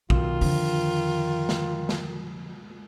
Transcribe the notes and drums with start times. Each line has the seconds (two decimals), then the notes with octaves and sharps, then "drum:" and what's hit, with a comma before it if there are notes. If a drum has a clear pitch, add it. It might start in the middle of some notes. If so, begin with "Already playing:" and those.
0.10 B1 D#3 F4, drum: kick
0.41 F2 D3, drum: open hi-hat
1.49 drum: snare
1.89 drum: snare